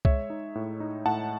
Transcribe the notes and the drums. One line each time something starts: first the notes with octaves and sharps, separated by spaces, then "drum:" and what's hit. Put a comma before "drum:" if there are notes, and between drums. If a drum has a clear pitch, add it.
G#3 C#5 E5, drum: kick C2
D#4
A2
D#4
A2 F#5 A5